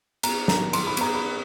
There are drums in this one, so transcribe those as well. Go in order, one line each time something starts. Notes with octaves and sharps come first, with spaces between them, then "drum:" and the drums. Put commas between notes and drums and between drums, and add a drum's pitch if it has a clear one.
B3 A#5, drum: cymbal
A#5, drum: snare
D#3
C6, drum: cymbal
B5
B3 A#5, drum: cymbal
B5